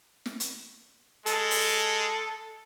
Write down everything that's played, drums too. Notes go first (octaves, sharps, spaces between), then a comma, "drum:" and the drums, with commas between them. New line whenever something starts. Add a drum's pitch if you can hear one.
drum: snare
drum: hi-hat
G#3 A4, drum: hi-hat
drum: open hi-hat